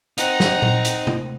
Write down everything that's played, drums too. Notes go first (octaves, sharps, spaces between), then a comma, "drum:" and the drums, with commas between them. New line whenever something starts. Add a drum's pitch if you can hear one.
C4 D#4 F#5 A#5, drum: hi-hat
drum: snare
drum: tom A#2
drum: hi-hat
drum: tom C3